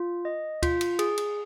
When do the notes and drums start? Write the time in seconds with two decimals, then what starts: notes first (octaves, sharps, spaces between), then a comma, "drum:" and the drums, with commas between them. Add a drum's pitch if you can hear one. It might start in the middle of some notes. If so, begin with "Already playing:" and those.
Already playing: F4
0.25 D#5
0.63 F4, drum: kick D2, cymbal
0.81 drum: cymbal
0.99 G#4, drum: cymbal
1.18 drum: cymbal